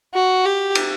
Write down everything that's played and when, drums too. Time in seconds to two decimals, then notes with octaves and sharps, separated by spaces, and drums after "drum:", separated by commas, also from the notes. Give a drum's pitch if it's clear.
0.14 F#4
0.45 G4
0.75 drum: cymbal